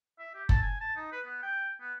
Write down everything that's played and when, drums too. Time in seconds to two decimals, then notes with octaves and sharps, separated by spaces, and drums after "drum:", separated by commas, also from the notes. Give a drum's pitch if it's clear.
0.19 E5
0.34 G4
0.49 A5, drum: kick F#1
0.62 G#5
0.81 A5
0.97 D#4
1.12 B4
1.25 B3
1.43 G5
1.81 B3